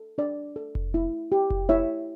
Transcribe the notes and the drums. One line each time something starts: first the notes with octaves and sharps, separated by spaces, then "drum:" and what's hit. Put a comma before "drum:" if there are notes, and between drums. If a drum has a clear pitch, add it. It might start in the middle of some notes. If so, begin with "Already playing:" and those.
Already playing: A4
D4 D5
A4
drum: kick F1
E4
G4
drum: kick F1
E4 C#5 E5